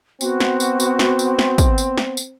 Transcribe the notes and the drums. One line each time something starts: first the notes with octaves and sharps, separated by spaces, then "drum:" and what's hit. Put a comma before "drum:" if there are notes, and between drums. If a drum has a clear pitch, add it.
B3 C4 F#4, drum: tambourine
drum: snare
drum: tambourine
drum: tambourine
drum: snare
drum: tambourine
drum: snare
drum: kick, tambourine
drum: tambourine
drum: snare
drum: tambourine